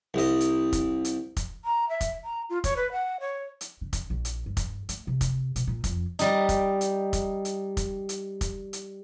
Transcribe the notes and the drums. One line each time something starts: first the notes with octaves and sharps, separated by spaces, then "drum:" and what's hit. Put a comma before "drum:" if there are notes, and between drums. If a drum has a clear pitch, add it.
C2 D#5
drum: hi-hat
drum: kick, hi-hat
drum: hi-hat
drum: kick, hi-hat
A#5
E5
drum: kick, hi-hat
A#5
F4
C#5, drum: kick, hi-hat
B4
F#5
C#5
drum: hi-hat
C#3
drum: kick, hi-hat
A#1
drum: hi-hat
G2
drum: kick, hi-hat
A3, drum: hi-hat
C3
drum: kick, hi-hat
B2, drum: hi-hat
A#2
F2, drum: kick, hi-hat
G3 D#4, drum: hi-hat
drum: kick, hi-hat
drum: hi-hat
drum: kick, hi-hat
drum: hi-hat
drum: kick, hi-hat
drum: hi-hat
drum: kick, hi-hat
drum: hi-hat